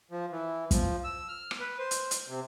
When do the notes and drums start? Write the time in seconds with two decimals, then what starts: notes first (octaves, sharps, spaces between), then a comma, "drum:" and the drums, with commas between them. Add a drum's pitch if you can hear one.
0.11 F3
0.31 E3
0.71 F3, drum: kick, hi-hat
1.04 E6
1.29 F6
1.51 drum: rim click
1.60 B4
1.79 C5
1.91 drum: hi-hat
2.11 drum: hi-hat
2.28 C3